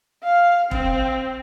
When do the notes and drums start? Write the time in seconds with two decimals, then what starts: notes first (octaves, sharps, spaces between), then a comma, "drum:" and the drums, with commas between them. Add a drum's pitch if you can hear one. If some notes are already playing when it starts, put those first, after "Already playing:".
0.23 F5
0.71 C4, drum: kick E1